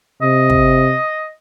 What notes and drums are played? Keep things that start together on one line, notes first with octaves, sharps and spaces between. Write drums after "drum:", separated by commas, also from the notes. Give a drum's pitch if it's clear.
C3 D#5
drum: kick